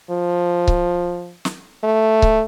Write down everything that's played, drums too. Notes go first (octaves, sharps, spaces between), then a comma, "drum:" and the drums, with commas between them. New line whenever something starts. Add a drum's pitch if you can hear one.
F3
drum: kick C#1
drum: snare
A3
drum: kick C#1